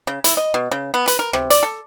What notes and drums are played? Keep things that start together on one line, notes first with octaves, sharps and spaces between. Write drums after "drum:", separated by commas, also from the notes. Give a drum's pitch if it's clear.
C#3
E4, drum: hi-hat
D#5
B2
C#3
B3
B4, drum: hi-hat
A#4
C3, drum: rim click
D5, drum: hi-hat
A4